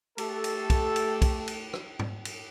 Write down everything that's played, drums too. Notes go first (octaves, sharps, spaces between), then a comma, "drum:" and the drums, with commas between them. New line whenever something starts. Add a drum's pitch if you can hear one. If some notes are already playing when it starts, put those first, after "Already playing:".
A3 G4 A4, drum: cymbal
drum: cymbal
drum: kick B1, cymbal
drum: cymbal
drum: kick B1, cymbal
drum: cymbal
drum: rim click
drum: tom G#2
drum: cymbal